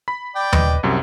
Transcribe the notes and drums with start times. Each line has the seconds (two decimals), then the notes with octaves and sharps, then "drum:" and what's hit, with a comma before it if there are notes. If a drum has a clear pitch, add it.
0.08 B5 B6
0.35 D5 G5
0.53 B4 D#5, drum: tom D#2
0.83 C2 F#2 C3